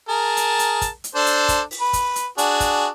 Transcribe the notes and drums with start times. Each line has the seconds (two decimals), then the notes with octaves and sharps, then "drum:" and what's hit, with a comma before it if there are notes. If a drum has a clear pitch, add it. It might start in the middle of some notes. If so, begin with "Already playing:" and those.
0.09 G#4 A#4 A5
0.37 drum: hi-hat
0.59 drum: hi-hat
0.81 drum: kick, hi-hat
1.04 drum: hi-hat
1.15 D4 A4 C5
1.26 drum: hi-hat
1.49 drum: kick, hi-hat
1.71 drum: open hi-hat
1.81 B4
1.93 drum: kick, hi-hat
2.16 drum: hi-hat
2.38 D4 F#4 G#4, drum: hi-hat
2.60 drum: kick, hi-hat